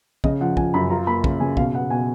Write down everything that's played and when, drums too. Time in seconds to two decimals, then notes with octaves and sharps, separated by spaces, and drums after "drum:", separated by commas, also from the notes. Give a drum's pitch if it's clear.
0.24 C#3 D#5, drum: kick
0.41 F3 F#5
0.57 F3 G#5, drum: kick
0.74 F#2 B5
0.90 F4 A#5
1.07 A#3 B5
1.24 C#3, drum: kick
1.40 C#3 G#5
1.57 B2 F5, drum: kick
1.74 B3 F#5
1.90 B2 G#5